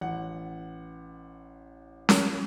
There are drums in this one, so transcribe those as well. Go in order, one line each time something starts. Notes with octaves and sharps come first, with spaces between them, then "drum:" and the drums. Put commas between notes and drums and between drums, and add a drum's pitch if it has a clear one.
A1 F#5
drum: snare C#4